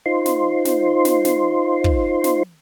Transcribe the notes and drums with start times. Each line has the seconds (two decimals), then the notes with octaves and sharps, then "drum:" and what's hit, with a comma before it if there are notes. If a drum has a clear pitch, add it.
0.06 D#4 F4 C5 C6
0.26 drum: snare
0.65 drum: snare
1.05 drum: snare
1.25 drum: snare
1.84 drum: kick
2.24 drum: snare